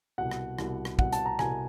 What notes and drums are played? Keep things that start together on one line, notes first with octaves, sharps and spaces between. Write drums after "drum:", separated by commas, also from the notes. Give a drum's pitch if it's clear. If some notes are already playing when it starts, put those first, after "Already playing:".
C2 B2 F#5
drum: rim click
C2 B2, drum: rim click
drum: rim click
C2 B2 F#5, drum: kick
A5, drum: hi-hat
A#5
C2 B2 G#5, drum: rim click